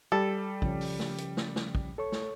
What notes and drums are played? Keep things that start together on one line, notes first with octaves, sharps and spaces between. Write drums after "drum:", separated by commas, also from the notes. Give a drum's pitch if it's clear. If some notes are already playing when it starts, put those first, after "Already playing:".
G3 A4
C#3 F3 C#4, drum: kick
drum: open hi-hat
drum: snare
drum: hi-hat
drum: snare
drum: snare
drum: kick
A4 C#5 C#6
drum: snare